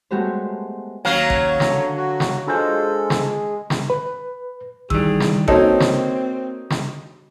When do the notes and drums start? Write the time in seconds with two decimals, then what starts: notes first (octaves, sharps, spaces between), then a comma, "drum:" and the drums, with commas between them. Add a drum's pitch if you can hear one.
0.11 G#3 A3 B3 F#4 G4 C5
1.05 D#2 F#3 A#3 C#4 C#5 F5
1.30 drum: kick A1
1.60 drum: snare
1.71 D3
1.97 F#4
2.20 drum: snare
2.47 G#3 D4 F4 A4 C5
3.10 drum: snare
3.70 drum: snare
3.90 B4
4.90 D#3 E3 G3 G#4 E6, drum: kick A1
5.20 drum: snare
5.48 A#3 C4 C#4 D#4 F#4 A4 C#5, drum: kick A1
5.80 drum: snare
6.70 drum: snare